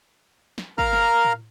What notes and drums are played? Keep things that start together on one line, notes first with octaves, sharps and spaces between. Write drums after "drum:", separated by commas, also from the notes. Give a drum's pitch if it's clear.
drum: snare
A#4 F5 A#5 F6, drum: kick
drum: snare
drum: tom A2